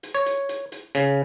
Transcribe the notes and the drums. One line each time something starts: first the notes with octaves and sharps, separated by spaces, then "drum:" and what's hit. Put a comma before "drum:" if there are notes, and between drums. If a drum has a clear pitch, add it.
drum: hi-hat
C#5
drum: hi-hat
drum: hi-hat
drum: hi-hat
C#3, drum: hi-hat